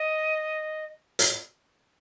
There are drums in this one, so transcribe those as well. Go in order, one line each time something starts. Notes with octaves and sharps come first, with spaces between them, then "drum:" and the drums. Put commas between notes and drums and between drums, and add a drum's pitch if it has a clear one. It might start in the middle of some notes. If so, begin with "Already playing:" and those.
Already playing: D#5
drum: hi-hat